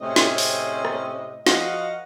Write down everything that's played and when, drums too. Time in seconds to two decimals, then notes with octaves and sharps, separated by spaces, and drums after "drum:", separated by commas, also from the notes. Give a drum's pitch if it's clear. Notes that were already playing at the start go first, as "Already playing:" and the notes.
0.01 A2 C3 C4 C#4 G#4 D#5
0.16 drum: snare
0.38 drum: open hi-hat
0.85 drum: rim click
1.47 F3 F#4 A#4 D#5 F5 F#5, drum: snare